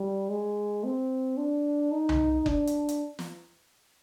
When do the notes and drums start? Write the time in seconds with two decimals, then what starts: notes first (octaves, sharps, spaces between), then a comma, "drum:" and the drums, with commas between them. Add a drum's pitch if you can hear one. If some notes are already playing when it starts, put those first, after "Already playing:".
Already playing: G3
0.29 G#3
0.84 C4
1.37 D4
1.91 D#4
2.09 drum: tom C2
2.46 D4, drum: kick F#1
2.67 drum: hi-hat
2.89 drum: hi-hat
3.19 drum: snare